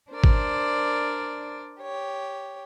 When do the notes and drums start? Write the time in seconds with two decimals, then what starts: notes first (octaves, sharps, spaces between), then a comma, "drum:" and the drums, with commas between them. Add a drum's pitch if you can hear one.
0.11 D4 A#4 C5 D5
0.24 drum: kick G#1
1.81 G4 C#5